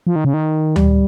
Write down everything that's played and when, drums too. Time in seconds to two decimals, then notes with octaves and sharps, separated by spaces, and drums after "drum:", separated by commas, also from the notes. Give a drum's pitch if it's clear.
0.07 F3
0.16 D#3
0.25 C#3
0.34 D#3
0.76 G3, drum: tom D2